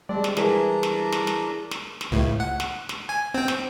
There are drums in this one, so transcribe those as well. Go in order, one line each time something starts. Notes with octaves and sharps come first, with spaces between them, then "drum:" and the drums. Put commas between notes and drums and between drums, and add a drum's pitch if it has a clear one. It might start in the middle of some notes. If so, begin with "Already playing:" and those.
G3 G#3 C4 D4 D5
drum: snare
E3 D4 E4 G#4 A#4 A#5 B6, drum: snare
drum: snare
drum: snare
drum: snare
drum: snare
drum: snare
C#2 A2
F#5
drum: snare
drum: snare
G#5
C4 G5
drum: snare